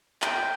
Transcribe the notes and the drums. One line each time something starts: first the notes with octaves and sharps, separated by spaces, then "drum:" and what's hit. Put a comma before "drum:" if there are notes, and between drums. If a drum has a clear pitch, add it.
G5, drum: clap